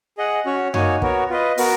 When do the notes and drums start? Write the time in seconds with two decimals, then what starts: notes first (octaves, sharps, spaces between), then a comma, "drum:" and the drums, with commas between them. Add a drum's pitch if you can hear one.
0.17 G#4 D#5 F#5
0.45 C#4 F#4 C#5
0.74 A#3 D#4 F#4 C#5 G#5, drum: tom F#2
1.02 B3 F#4 A#4 C#5, drum: kick
1.30 F4 B4 D#5
1.58 B3 F#4 A#4, drum: open hi-hat